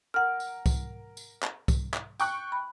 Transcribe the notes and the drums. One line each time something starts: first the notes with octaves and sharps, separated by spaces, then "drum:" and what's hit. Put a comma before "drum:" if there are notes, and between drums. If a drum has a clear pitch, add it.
A#4 F#5 F6
drum: tambourine
drum: kick C2, tambourine
drum: tambourine
drum: clap
drum: kick C2, tambourine
drum: clap
G5 C#6 F#6, drum: tambourine
B5